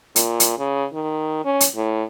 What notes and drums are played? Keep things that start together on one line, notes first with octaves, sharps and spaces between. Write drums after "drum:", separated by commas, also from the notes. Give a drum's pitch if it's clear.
A#2, drum: hi-hat
drum: hi-hat
C#3
D#3
C#4
drum: hi-hat
A2